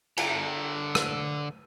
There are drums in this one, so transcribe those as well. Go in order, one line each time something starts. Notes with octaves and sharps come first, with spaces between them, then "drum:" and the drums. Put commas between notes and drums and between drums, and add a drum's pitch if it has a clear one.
D3 A#5, drum: cymbal
drum: rim click